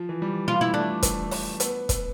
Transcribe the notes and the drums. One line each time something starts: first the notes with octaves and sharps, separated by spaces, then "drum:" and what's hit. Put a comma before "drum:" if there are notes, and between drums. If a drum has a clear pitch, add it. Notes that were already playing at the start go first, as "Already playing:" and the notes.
Already playing: F3
E3
G3
F3
G3 F4
E4
A3 D4
drum: kick, hi-hat
drum: open hi-hat
B3, drum: hi-hat
drum: kick, hi-hat